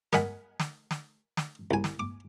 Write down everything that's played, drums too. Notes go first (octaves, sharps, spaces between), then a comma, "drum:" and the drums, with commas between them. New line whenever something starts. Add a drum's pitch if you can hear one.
A#4 D#5 F#5 G#5 B5, drum: snare
drum: snare
drum: snare
drum: snare
C2 G#5
drum: snare
D6